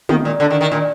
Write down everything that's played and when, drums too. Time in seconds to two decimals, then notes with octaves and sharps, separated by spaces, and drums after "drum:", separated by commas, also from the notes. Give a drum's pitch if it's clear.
0.09 D#3, drum: tom
0.25 A#2
0.40 D3
0.50 D#3
0.61 D#3
0.72 A#2